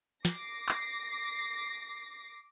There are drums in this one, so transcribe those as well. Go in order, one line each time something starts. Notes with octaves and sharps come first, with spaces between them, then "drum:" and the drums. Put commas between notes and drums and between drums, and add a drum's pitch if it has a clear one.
D6 A#6 C7, drum: snare
drum: clap